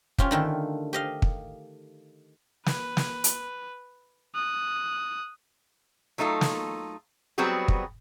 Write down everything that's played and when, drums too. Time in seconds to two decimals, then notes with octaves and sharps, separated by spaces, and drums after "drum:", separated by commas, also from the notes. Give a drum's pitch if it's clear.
0.19 C#4 F4 G4, drum: kick
0.31 D3 D#3 A3
0.93 G4 D#5 F5
1.22 drum: kick
2.66 B4, drum: snare
2.97 drum: snare
3.24 drum: hi-hat
4.35 D#6 F#6
6.18 F#3 A3 D#4 F4 A4
6.41 drum: snare
7.38 F#3 G3 B3 C4 F#4 G#4
7.68 drum: kick